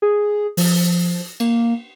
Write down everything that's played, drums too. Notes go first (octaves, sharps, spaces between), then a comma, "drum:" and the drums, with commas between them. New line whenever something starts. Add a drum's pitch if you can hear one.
G#4
F3, drum: open hi-hat
A#3, drum: cymbal